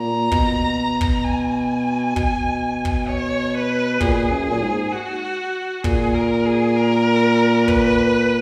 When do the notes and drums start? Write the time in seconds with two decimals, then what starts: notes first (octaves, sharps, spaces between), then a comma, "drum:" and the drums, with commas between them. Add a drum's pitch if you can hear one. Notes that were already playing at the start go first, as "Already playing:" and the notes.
Already playing: A#2 A#5
0.32 B2, drum: kick
1.01 drum: kick
1.24 G#5
2.16 B2, drum: kick
2.85 drum: kick
3.08 C#5
3.54 B4
4.01 A#2 G#4, drum: kick
4.31 F#2
4.51 A#2
4.62 G#2
4.92 F#4
5.84 A#2 G#4, drum: kick
6.14 A#4
6.46 G#4
6.76 A#4
7.68 B4, drum: kick